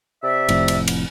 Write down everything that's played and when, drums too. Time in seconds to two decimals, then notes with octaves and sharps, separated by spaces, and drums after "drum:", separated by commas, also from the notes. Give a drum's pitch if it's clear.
0.23 C3 D5 E5
0.49 F1 F2 A2, drum: cymbal
0.68 drum: cymbal
0.88 drum: cymbal